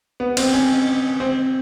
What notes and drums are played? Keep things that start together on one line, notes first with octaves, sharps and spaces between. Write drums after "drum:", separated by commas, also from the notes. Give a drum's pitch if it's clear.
B3
C4, drum: cymbal
C#4
C4